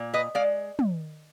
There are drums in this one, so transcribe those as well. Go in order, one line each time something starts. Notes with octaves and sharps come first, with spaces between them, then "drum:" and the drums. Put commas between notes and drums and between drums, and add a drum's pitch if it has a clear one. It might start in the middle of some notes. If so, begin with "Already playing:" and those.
Already playing: A#2
B4 D#5
G#3 D5 F5
drum: tom